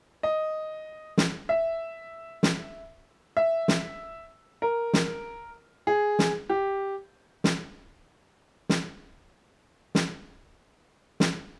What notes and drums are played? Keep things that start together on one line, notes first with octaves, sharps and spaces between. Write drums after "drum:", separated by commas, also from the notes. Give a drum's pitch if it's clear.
D#5
drum: snare
E5
drum: snare
E5
drum: snare
A#4
drum: snare
G#4
drum: snare
G4
drum: snare
drum: snare
drum: snare
drum: snare